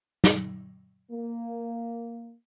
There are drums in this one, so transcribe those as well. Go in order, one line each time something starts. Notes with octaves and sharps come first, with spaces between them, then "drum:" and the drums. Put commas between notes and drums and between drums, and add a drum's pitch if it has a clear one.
drum: snare
A#3